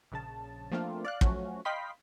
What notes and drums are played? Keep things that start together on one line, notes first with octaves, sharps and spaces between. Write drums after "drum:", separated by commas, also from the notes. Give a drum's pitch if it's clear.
A#1 C#3 A5
F3 A3 A#3 C4 D4 F4
D5 F5 F#6
F3 F#3 A3 C#4 F#4, drum: kick
D#5 F5 G5 B5 C6 B6